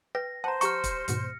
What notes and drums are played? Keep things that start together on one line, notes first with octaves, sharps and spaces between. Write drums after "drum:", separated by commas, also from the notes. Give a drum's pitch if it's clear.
B4 G5 A#6
C5 F#5 A5 A#5
G4 A#5 C#6 F6 C#7, drum: hi-hat
drum: kick, hi-hat
D#2 G#2 B2, drum: hi-hat